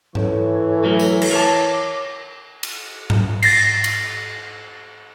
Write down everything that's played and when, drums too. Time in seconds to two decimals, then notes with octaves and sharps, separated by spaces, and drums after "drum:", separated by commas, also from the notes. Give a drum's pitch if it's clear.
0.15 E3 A4 C#5 C#6, drum: tom G#2
0.84 F#3 A3 A#4
0.99 drum: tambourine
1.22 drum: cymbal
1.31 A#4 C#5 A5 D6
2.63 drum: cymbal
3.10 drum: tom G#2
3.42 A6 A#6 C7, drum: cymbal
3.84 drum: cymbal